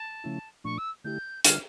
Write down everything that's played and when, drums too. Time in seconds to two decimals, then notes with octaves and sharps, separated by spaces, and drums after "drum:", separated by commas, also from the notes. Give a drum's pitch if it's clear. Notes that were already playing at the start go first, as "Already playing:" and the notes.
Already playing: A5
0.24 C#3 F3 A3 C#4 E4
0.64 A#2 F3 A3 D4 C#6
0.78 E6
1.04 D3 A3 E4 G4 G6
1.45 D3 G3 D4 F4 F6, drum: hi-hat